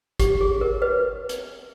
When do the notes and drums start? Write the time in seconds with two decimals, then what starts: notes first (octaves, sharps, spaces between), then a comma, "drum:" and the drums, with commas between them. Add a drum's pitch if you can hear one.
0.20 G4, drum: kick, hi-hat
0.41 G#4
0.61 A#4
0.82 B4
1.29 drum: hi-hat